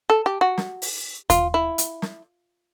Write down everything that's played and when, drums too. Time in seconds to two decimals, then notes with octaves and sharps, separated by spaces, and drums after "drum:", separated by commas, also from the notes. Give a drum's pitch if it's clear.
0.10 A4
0.26 G4
0.41 F#4
0.58 drum: snare
0.82 drum: open hi-hat
1.30 F4, drum: kick D#2, hi-hat
1.54 E4
1.78 drum: hi-hat
2.02 drum: snare